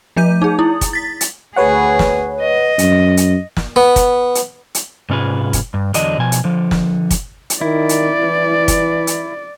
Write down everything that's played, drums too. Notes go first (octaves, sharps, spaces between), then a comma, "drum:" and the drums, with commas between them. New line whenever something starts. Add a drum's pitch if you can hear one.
F3 A3 G6 D#7
D#4 G#4
E4
drum: kick, hi-hat
A6 B6
drum: hi-hat
D2 G#4 B4 C#5 F#5
drum: snare
D#5
F#2, drum: hi-hat
drum: hi-hat
drum: snare
B3
drum: kick, hi-hat
drum: hi-hat
drum: hi-hat
G#2 C3 C#4 F4 G#4 B4
drum: kick, hi-hat
G2
E2 D3 F#3 D4 D#5, drum: hi-hat
B2 F3 G#5
drum: hi-hat
D3 F3
drum: snare
drum: kick, hi-hat
drum: hi-hat
D#3 E4 D5
drum: hi-hat
E3
drum: kick, hi-hat
drum: hi-hat